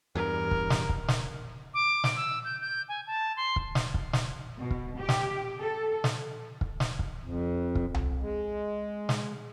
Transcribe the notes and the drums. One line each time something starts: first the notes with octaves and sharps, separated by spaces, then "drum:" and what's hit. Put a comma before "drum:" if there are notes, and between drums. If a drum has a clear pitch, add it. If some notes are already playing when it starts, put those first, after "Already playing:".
E2 G2 A#4
drum: kick
drum: snare
drum: kick
drum: snare
D6
drum: snare
E6
G6
G6
G#5
A5
C6
drum: kick
drum: snare
drum: kick
drum: snare
B2
drum: kick
G4
drum: snare
A4
drum: snare
drum: kick
drum: snare
drum: kick
F2
drum: kick
drum: tom C2
G#3
drum: snare